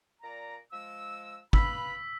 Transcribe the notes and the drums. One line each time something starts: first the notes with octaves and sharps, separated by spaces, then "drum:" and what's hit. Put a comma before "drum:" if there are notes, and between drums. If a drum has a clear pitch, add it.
A#2 D5 A#5
F3 G#3 E6
B4 F5 B5 E6 B6, drum: kick